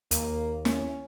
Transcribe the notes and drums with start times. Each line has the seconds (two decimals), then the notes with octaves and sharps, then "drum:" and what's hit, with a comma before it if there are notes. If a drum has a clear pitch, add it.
0.11 D#2 A#3, drum: hi-hat
0.65 C#4, drum: snare